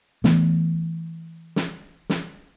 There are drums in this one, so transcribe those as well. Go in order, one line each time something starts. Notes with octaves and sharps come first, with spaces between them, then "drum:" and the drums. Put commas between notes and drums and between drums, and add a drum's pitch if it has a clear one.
E3 A3 B3, drum: snare
drum: snare
drum: snare